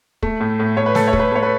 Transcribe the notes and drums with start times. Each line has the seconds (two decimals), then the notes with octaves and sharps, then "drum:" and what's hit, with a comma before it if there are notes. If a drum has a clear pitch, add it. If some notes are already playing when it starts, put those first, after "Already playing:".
0.22 A3, drum: kick
0.40 A2
0.59 A2
0.77 A2 C#5
0.86 B4
0.95 A3 A4, drum: snare
1.08 C#5
1.13 A3, drum: kick
1.20 B4
1.31 A3 C#5
1.43 B4